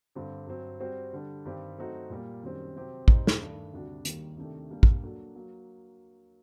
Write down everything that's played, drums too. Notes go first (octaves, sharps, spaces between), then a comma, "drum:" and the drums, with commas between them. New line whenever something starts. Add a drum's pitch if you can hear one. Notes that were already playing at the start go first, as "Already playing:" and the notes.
G2 D3 G3 C4 G4
G2 F#3 C4
G3 C4 F#4 C5
D3 G3 D4
G2 D#3 G3 C4 G4
F#3 A3 C4 D#4 F#4
A#2 G3 A#3
F#2 D#3 G3 C4
C3 F#3 C4 G4 C5
G3 C4 D#4, drum: kick
drum: snare
G2 D#3 A3 D4
D2 C3 G3 D4 F#4
D#2 D#3 G3 A#3, drum: hi-hat
C3 D#3 A3 D4 G4
G3 A#3 D4
drum: kick
F#3 A#3 D4 F#4 A4
F#3 A#3